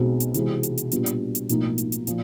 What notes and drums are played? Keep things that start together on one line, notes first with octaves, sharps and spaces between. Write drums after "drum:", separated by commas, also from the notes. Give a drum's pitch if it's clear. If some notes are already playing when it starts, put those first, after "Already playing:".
Already playing: B1 B2 G#3 C4
drum: hi-hat
C3 E3 G#3 C4, drum: hi-hat
drum: hi-hat
drum: hi-hat
A#2 G3 B3 D4 F4, drum: hi-hat
drum: hi-hat
drum: hi-hat
B1 A2 F3 A#3 D#4, drum: hi-hat
drum: hi-hat
drum: hi-hat
A#2 F3, drum: hi-hat